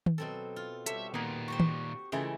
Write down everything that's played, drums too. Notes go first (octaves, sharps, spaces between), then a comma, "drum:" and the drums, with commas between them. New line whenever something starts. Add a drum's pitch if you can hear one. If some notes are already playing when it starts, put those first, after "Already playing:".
drum: tom D#3
B2 F#3 C4 A4
F4
G3 G4 A4 C#5 E5, drum: hi-hat
A#2 D#3 A#3 B3
F#4 G4 C5 C#6
drum: tom D#3
C#3 E3 G#3 A3 E4 F4 G5